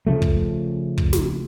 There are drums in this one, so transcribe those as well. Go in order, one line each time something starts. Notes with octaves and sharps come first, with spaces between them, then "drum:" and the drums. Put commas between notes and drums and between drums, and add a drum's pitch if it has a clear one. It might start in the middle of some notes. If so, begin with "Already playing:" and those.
C#3 F3 A3
drum: kick
drum: kick
drum: snare